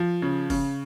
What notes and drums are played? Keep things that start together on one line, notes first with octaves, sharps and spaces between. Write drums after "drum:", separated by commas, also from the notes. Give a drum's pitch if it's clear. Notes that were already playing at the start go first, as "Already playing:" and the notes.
Already playing: F3
C#3
C#3, drum: kick, open hi-hat